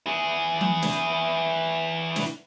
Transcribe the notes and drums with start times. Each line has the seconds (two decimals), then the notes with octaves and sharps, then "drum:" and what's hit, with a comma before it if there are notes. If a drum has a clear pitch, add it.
0.07 E3 G#4
0.61 drum: tom E3
0.82 drum: snare
2.16 drum: snare